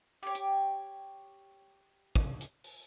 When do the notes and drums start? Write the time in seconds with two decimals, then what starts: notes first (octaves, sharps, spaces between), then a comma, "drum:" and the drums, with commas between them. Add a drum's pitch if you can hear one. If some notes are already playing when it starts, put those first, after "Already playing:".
0.23 G4 C#5
0.35 drum: hi-hat
2.16 drum: kick
2.41 drum: hi-hat
2.64 drum: open hi-hat